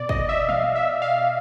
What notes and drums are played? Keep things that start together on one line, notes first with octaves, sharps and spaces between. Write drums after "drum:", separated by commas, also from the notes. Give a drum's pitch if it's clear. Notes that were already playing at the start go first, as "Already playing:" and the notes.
Already playing: B2 D5
D#5, drum: kick
E5
F5, drum: tom E3
E5
F5